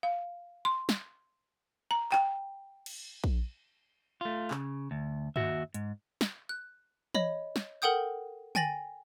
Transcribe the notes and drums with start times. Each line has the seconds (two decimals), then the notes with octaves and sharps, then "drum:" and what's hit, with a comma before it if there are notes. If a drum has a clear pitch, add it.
0.03 F5
0.65 C6
0.89 drum: snare
1.91 A#5
2.12 G5, drum: clap
2.86 drum: cymbal
3.24 drum: kick A#1
4.21 A3 F4
4.51 C#3, drum: clap
4.91 D2
5.36 D#2 C3 F#4 E5, drum: tom G2
5.74 G#2, drum: hi-hat
6.21 drum: snare
6.49 F#6
7.15 C#5 D#5 B5, drum: tom E3
7.56 drum: snare
7.82 A4 A#4 F#5 G5 D#6 G6
8.55 G5 G#5 A6 A#6 F#7, drum: tom D3